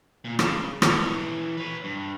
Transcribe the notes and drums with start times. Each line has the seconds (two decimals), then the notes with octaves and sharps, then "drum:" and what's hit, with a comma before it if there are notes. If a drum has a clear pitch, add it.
0.25 A#2
0.39 C#3, drum: rim click
0.82 E3 C#5, drum: rim click
1.57 B4 C#5
1.84 G2